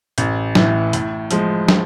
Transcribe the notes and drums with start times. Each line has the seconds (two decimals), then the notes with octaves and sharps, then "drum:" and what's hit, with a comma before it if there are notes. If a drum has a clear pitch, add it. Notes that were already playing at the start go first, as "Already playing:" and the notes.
0.18 A1, drum: hi-hat
0.55 A2 E3, drum: snare
0.93 A2, drum: hi-hat
1.31 F3 G#3, drum: hi-hat
1.68 drum: snare